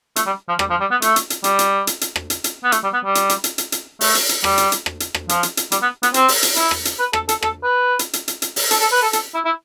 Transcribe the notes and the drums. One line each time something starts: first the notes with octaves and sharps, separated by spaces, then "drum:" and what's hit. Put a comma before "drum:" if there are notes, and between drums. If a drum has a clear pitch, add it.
A3, drum: hi-hat
G3
F3
G3, drum: rim click
F3
G3
B3
A3, drum: hi-hat
drum: hi-hat
drum: hi-hat
G3, drum: hi-hat
drum: hi-hat
drum: hi-hat
drum: hi-hat
drum: rim click
drum: hi-hat
drum: hi-hat
B3
A3, drum: hi-hat
G3
B3
G3
drum: hi-hat
drum: hi-hat
drum: hi-hat
drum: hi-hat
drum: hi-hat
A3, drum: open hi-hat
drum: hi-hat
drum: hi-hat
G3, drum: rim click
drum: hi-hat
drum: hi-hat
drum: rim click
drum: hi-hat
drum: rim click
F3, drum: hi-hat
drum: hi-hat
drum: hi-hat
G3, drum: hi-hat
B3
B3, drum: hi-hat
C4, drum: hi-hat
drum: open hi-hat
drum: hi-hat
E4, drum: hi-hat
drum: rim click
drum: hi-hat
B4
A4, drum: rim click
A4, drum: hi-hat
A4, drum: rim click
B4
drum: hi-hat
drum: hi-hat
drum: hi-hat
drum: hi-hat
drum: open hi-hat
A4, drum: hi-hat
A4
B4
A4
A4, drum: hi-hat
E4
E4